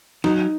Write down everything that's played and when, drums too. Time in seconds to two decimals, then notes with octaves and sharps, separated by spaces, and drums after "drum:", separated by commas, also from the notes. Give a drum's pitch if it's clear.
0.24 F#3 D#4, drum: snare